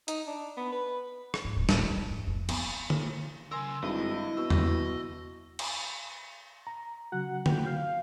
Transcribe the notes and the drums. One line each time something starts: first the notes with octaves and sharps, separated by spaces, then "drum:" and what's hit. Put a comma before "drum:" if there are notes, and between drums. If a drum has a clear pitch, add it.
D#4, drum: hi-hat
D4
B3
B4
drum: rim click
G#2
D1
A1, drum: snare
D#3
G2
G#2
F1
B3, drum: cymbal
drum: tom D3
C#3 A#4 G#5 C6 E6
G#1 G2 E4 D#5
B2 E6
drum: tom E2
drum: cymbal
A#5
C#3 F#3 F#4 F#5
G5, drum: tom D3
F5